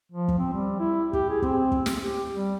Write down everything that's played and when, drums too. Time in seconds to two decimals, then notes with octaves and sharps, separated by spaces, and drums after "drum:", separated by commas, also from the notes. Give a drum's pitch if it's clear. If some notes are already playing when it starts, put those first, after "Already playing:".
0.12 F3
0.28 drum: kick
0.39 C4
0.54 G3
0.79 E4
1.13 G4, drum: kick
1.29 G#4
1.42 C4, drum: kick
1.72 drum: kick
1.86 drum: snare
2.00 G4
2.33 G3